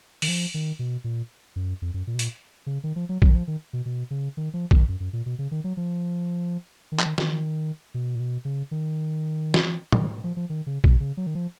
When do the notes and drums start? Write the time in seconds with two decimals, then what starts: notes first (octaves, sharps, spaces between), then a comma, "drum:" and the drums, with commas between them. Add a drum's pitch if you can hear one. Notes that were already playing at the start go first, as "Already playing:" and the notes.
0.22 D#3, drum: open hi-hat
0.28 F3
0.54 D#3
0.79 B2
1.04 A#2
1.56 F#2
1.82 F2
1.94 F#2
2.07 A#2
2.15 B2
2.19 A#2, drum: hi-hat
2.66 C#3
2.84 D#3
2.96 F3
3.09 F#3
3.22 F#3, drum: kick
3.30 D#3
3.34 F3
3.47 D#3
3.73 B2
3.86 B2
4.11 C#3
4.37 D#3
4.54 F3
4.71 D#3, drum: kick
4.88 F#2
5.00 F#2
5.13 A#2
5.26 B2
5.39 C#3
5.51 D#3
5.64 F#3
5.77 F3
6.92 D#3
6.99 F3, drum: clap
7.06 D#3
7.18 D#3, drum: snare
7.94 B2
8.15 A#2
8.20 B2
8.45 C#3
8.71 D#3
9.54 drum: snare
9.92 F3, drum: tom
9.98 D#3
10.24 F3
10.36 F3
10.50 D#3
10.67 C#3
10.84 B2, drum: kick
11.00 C#3
11.17 F#3
11.27 D#3
11.35 F3